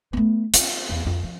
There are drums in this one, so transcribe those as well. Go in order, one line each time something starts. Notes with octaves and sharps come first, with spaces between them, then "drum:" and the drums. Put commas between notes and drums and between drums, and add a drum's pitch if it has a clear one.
A3 B3
F4, drum: hi-hat
E2
F2 E3
F3